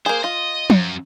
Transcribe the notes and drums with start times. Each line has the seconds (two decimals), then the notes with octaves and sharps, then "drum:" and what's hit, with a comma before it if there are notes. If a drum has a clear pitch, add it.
0.06 A#3 G#4 C5
0.24 F4 D#5
0.70 F#2, drum: tom F3